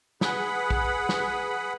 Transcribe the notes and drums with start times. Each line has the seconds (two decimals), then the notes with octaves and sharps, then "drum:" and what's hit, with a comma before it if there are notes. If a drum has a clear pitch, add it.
0.21 G#4 B4 F#5 B5, drum: snare
0.70 drum: kick
1.09 drum: snare